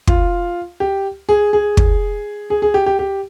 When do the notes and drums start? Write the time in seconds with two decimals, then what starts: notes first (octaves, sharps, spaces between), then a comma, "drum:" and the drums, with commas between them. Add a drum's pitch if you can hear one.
0.07 F4, drum: kick
0.80 G4
1.29 G#4
1.53 G#4
1.77 drum: kick
2.50 G#4
2.62 G#4
2.74 G4
2.86 G4
2.99 G4